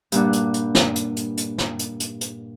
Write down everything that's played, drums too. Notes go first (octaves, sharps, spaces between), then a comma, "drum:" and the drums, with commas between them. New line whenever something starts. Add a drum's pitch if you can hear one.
G2 A#2 D4 F#5, drum: hi-hat
drum: hi-hat
drum: hi-hat
drum: snare
drum: hi-hat
drum: hi-hat
drum: hi-hat
drum: snare
drum: hi-hat
drum: hi-hat
drum: hi-hat